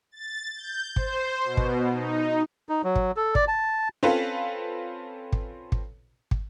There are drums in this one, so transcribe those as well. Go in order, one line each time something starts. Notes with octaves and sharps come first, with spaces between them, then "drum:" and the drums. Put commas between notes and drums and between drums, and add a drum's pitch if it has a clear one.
A6
G6
C5, drum: kick
B2
drum: kick
D#4
D#4
F#3
drum: kick
A4
D5, drum: kick
A5
C4 C#4 F4 A4 B4
drum: kick
drum: kick
drum: kick